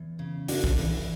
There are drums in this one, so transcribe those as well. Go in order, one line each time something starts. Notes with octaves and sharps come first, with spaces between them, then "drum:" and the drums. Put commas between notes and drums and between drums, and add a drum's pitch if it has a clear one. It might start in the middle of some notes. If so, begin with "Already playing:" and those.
Already playing: E2
C#3
E2 D4 F#4, drum: open hi-hat
drum: kick
E3